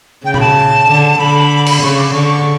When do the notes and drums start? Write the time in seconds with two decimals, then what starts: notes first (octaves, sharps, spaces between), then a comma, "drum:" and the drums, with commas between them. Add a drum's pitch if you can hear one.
0.25 C#3 G5
0.34 B5, drum: tom A#2
0.40 A5
0.88 D3
1.19 D3 B5
1.67 drum: cymbal
1.82 C#3 C#6
1.98 D6
2.13 D3 C#6
2.29 C#6